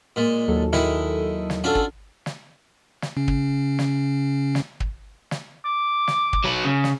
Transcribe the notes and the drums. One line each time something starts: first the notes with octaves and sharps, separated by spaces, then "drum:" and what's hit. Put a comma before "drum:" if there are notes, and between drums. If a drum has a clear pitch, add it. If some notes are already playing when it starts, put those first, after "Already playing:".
A#2 G#3
D#2 F#3 A4
D#3 G#3 E4, drum: snare
drum: snare
C#4 D4 F4 F#4 A4
drum: kick
drum: snare
drum: snare
C#3 C#4
drum: kick
drum: snare
drum: snare
drum: kick
drum: snare
D6
drum: snare
drum: kick
F#3 B4
C#3
drum: snare